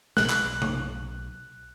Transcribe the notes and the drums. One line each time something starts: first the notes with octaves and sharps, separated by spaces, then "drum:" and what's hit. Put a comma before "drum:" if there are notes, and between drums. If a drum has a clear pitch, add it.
B1 F#6, drum: snare
drum: clap
drum: tom C3